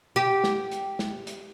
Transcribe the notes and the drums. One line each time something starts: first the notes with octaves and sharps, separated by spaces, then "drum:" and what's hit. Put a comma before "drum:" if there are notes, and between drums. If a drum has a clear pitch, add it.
G4
drum: snare
drum: hi-hat
drum: snare
drum: hi-hat